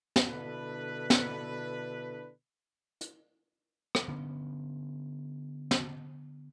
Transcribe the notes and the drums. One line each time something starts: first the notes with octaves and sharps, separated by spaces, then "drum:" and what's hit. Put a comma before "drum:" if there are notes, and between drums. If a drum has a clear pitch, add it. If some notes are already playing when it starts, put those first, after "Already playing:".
drum: snare
B2 D3 D4 E4 A4 B4
drum: snare
drum: hi-hat
drum: rim click
D3 B3 C#4
drum: snare